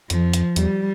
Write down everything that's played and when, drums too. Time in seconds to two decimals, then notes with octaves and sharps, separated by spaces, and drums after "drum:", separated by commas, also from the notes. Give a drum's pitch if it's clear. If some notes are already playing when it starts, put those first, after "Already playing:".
0.10 F2 F3, drum: hi-hat
0.34 drum: hi-hat
0.56 E2 G3, drum: hi-hat